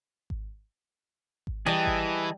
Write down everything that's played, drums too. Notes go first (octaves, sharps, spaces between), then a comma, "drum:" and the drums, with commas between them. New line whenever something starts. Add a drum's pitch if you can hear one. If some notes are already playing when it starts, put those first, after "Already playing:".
drum: kick G#1
drum: kick G#1
E3 G3 G#4 D#5 A5
drum: kick G#1